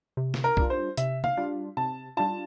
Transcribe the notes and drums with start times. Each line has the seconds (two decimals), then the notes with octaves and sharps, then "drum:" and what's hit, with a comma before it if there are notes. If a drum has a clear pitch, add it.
0.17 C3
0.34 drum: snare
0.44 A#4
0.57 G3 D4 F4, drum: kick B1
0.70 C5
0.97 C3 E5, drum: hi-hat
1.24 F5, drum: tom
1.37 G3 D4 F4
1.77 C3 A5
2.17 G3 D4 F4 A5